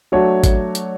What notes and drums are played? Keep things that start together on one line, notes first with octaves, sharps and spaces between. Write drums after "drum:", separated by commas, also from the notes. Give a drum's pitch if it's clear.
F#3 A3 D4 F#4 C#5
drum: kick G#1, hi-hat
drum: hi-hat